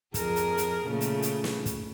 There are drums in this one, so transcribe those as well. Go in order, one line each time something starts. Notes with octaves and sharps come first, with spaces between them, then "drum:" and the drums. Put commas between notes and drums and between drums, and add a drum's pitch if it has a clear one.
F2 G#4 A#4, drum: kick, hi-hat
drum: hi-hat
drum: hi-hat
A#2 C#3 A3
drum: hi-hat
drum: hi-hat
drum: snare
drum: kick, hi-hat